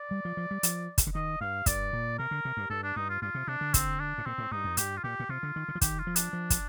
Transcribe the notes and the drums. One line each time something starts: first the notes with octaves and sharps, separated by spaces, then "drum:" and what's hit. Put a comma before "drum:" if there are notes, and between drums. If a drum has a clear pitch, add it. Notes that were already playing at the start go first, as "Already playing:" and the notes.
Already playing: D5
G3
F3
F3
G3
F3, drum: hi-hat
drum: kick, hi-hat
D3
D#3 D#5
G2 F5
G2 D5, drum: kick, hi-hat
A#2
C3 A#4
D3
C3
G2
G2 A4
D4
G2 D#4
F4
G2 F4
C3
C3 D4
D3
C4, drum: kick, hi-hat
D4
A2
A#2 C4
A2
G2 D#4
F2
G2 G4, drum: hi-hat
F4
A#2 G4
A#2
C3 F4
D3
D#3
D3
F3
D#3 G4, drum: kick, hi-hat
F4
F3
D4, drum: hi-hat
F3
drum: kick, hi-hat